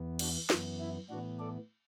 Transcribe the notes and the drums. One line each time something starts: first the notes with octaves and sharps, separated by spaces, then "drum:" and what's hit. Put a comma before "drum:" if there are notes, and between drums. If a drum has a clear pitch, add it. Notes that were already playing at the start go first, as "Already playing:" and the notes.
Already playing: E2 E3 B3
D4 F#4, drum: cymbal
F#2 E3 B3, drum: snare
E4
A2 E3 B3 D4 F#4
A4 D5